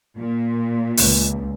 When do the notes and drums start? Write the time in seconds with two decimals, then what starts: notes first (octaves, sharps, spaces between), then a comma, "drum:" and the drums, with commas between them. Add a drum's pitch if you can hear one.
0.18 A#2
0.97 C#2, drum: open hi-hat